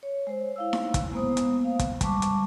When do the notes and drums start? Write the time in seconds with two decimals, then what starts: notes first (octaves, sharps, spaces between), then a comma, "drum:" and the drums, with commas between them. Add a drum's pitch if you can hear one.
0.03 C#5
0.27 G#3 C5
0.56 E4 F5 E6
0.73 drum: snare D#4
0.94 drum: kick, hi-hat
1.12 G#3 A#3 B3 C5 D#6
1.37 drum: hi-hat
1.64 F5
1.79 drum: kick, hi-hat
2.01 G3 G#3 A5 C#6 D6, drum: kick, hi-hat
2.22 drum: hi-hat